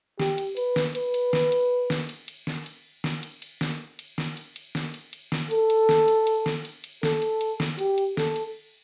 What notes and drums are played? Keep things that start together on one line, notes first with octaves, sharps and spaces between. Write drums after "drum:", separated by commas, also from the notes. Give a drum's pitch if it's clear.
G4, drum: snare
drum: cymbal
B4, drum: cymbal
drum: snare
B4, drum: cymbal
drum: cymbal
drum: snare
drum: cymbal
drum: snare
drum: cymbal
drum: cymbal
drum: snare
drum: cymbal
drum: snare
drum: cymbal
drum: cymbal
drum: snare
drum: cymbal
drum: snare
drum: cymbal
drum: cymbal
drum: snare
drum: cymbal
drum: cymbal
drum: snare
A4, drum: cymbal
drum: cymbal
drum: snare
drum: cymbal
drum: cymbal
drum: snare
drum: cymbal
drum: cymbal
A4, drum: snare
drum: cymbal
drum: cymbal
drum: snare
G4, drum: cymbal
drum: cymbal
A4, drum: snare
drum: cymbal